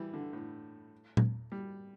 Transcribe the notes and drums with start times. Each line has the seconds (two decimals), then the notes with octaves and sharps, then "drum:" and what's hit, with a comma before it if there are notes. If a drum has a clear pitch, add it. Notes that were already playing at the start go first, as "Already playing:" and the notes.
Already playing: E3 G3
0.14 D3
0.33 A2
1.17 drum: tom A#2
1.52 G3